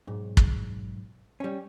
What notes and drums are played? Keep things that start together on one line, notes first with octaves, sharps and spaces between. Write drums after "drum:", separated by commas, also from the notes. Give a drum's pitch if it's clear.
B1 G#2
drum: kick
G3 C#4